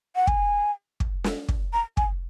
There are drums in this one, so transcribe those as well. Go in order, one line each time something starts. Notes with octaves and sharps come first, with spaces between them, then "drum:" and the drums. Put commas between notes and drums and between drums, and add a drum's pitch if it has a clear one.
F#5
G#5, drum: kick
drum: kick
drum: snare
drum: kick
A#5
G#5, drum: kick